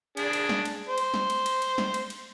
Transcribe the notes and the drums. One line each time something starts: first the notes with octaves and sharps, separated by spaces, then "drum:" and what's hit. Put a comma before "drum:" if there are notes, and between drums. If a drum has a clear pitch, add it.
D4 G#4, drum: cymbal
drum: cymbal
drum: snare
drum: cymbal
C5
drum: cymbal
drum: snare
drum: cymbal
drum: cymbal
drum: cymbal
drum: snare
drum: cymbal
drum: cymbal